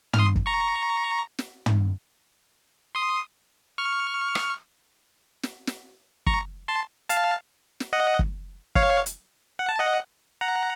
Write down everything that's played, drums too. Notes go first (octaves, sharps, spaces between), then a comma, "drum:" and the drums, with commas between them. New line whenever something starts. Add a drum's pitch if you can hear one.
F6, drum: tom
C6 D#6
drum: kick
A#5 C#6
drum: snare
drum: tom
C6 D#6
C#6 F6
drum: rim click
drum: snare
drum: snare
A#5 C#6, drum: kick
A5 C6
F5 A5, drum: hi-hat
drum: snare
D#5 F#5
drum: kick
C#5 F5, drum: kick
drum: hi-hat
F#5
A5
D#5 F#5
F#5 A#5